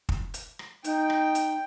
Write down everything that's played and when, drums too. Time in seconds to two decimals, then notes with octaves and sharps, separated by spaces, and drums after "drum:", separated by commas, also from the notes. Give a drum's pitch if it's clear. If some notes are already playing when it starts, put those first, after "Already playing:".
0.09 drum: kick
0.34 drum: hi-hat
0.59 drum: rim click
0.84 D#4 G5, drum: hi-hat
1.10 drum: rim click
1.35 drum: hi-hat